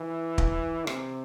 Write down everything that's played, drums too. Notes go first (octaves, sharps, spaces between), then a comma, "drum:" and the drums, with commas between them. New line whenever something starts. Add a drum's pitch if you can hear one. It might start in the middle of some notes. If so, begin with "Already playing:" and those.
Already playing: E3
drum: kick
C3, drum: rim click